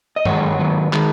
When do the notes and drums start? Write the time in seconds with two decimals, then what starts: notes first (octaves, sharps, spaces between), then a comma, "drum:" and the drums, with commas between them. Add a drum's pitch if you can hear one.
0.16 D#5
0.26 F#2 D#3 G#3 C#5 F#5, drum: tom G2
0.59 G#2 D#3 F#3
0.93 D#3 G#3, drum: clap